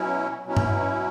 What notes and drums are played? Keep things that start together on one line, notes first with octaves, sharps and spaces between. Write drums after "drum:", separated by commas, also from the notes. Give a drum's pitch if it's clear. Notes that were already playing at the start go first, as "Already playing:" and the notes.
Already playing: B2 F#3 C#4 E4
B2 F#3 C#4 E4
drum: tom G2